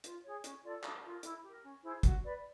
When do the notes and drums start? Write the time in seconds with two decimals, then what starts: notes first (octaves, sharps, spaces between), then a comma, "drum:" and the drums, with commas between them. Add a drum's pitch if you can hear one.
0.04 F4, drum: hi-hat
0.24 G#4 C#5
0.44 C#4, drum: hi-hat
0.63 F4 A4 D5
0.83 D4, drum: clap
1.04 F4 A#4
1.23 E4, drum: hi-hat
1.43 G4 A#4
1.63 C#4
1.83 E4 G#4 C5
2.03 F#4, drum: kick, hi-hat
2.22 B4 D5